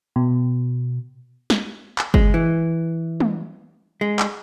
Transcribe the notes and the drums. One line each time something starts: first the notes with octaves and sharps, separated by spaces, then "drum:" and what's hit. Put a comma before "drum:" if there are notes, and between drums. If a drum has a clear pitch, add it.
B2
drum: snare
drum: clap
G#3, drum: kick F#1
E3
drum: tom
G#3
drum: clap